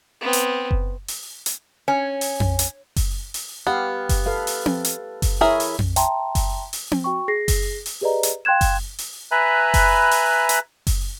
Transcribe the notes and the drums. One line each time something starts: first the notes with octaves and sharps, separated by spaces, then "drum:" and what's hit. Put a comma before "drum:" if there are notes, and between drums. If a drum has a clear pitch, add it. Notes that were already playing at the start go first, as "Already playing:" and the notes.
B3 C4
drum: hi-hat
drum: kick F#1
drum: open hi-hat
drum: hi-hat
C#4
drum: open hi-hat
drum: tom F2
drum: hi-hat
drum: kick F#1, open hi-hat
drum: open hi-hat
B3 G4 F5
drum: kick F#1, open hi-hat
A4 B4 F5
drum: open hi-hat
drum: tom C4
drum: hi-hat
drum: kick F#1, open hi-hat
E4 G#4 A#4 C#5 E5
drum: open hi-hat
drum: tom F2
E5 G5 A5 A#5 C6, drum: hi-hat
drum: kick F#1, open hi-hat
drum: open hi-hat
drum: tom C4
F#4 G5 C#6
G#4 A#6 C7
drum: kick F#1, open hi-hat
drum: open hi-hat
G4 G#4 B4 D5 D#5 A#5
drum: hi-hat
F5 G5 C6 F#6 G#6 E7
drum: kick F#1, open hi-hat
drum: open hi-hat
B4 E5 G#5 A#5 B5 F#6
drum: kick F#1, open hi-hat
drum: open hi-hat
drum: hi-hat
drum: kick F#1, open hi-hat